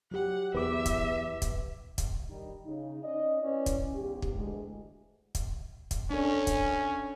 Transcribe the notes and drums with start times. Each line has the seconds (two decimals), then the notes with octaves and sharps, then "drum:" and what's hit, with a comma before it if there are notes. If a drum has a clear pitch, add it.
0.11 F#3 G4 F#5
0.54 E2 B4 E5 D6
0.86 drum: kick, hi-hat
1.42 drum: kick, hi-hat
1.98 drum: kick, hi-hat
2.29 D#3 G3 D#4
2.65 C#3 D#4
3.03 C#4 D5 D#5
3.42 C#4 E4 B4 D5
3.66 drum: kick, hi-hat
3.94 E2 G#2 G4
4.22 drum: kick
4.33 D2 E3 G#3
5.35 drum: kick, hi-hat
5.91 drum: kick, hi-hat
6.10 C#4 D4 A4
6.47 drum: kick, hi-hat